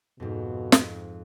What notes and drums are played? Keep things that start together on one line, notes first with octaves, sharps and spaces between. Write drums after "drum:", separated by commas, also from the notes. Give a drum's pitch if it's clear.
F2 G#2 B2
drum: snare